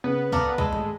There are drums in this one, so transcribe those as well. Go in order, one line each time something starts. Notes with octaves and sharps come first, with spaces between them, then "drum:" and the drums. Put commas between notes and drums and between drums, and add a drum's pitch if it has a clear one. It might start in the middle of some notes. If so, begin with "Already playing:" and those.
C#3 B3 B4
B3 A4 A#4 D5 F5, drum: kick C2
G#3 A4 B5, drum: kick C2
drum: tom G2